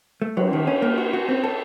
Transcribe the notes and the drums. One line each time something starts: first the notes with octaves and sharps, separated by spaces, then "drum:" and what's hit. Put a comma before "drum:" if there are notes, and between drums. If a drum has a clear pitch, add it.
A3
F#3, drum: cymbal
D#3
C#4
A#3
F#4
F#4
C4
A4